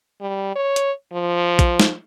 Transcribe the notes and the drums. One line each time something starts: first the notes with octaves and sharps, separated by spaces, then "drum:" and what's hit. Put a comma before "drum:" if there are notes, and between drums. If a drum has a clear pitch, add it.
G3
C#5
drum: hi-hat
F3
drum: kick, hi-hat
drum: snare